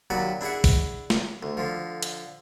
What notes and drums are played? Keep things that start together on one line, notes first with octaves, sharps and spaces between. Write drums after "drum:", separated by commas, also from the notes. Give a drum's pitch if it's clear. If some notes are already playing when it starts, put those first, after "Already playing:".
D#2 F#3 F#4 D5 B5
D4 E4 G#4 E5 F#5
drum: kick, open hi-hat
drum: snare
D2
D3 F3
drum: hi-hat